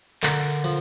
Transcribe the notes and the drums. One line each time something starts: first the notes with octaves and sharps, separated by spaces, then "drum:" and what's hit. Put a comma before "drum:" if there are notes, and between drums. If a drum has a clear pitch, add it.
D3 A#4, drum: clap
drum: hi-hat
F3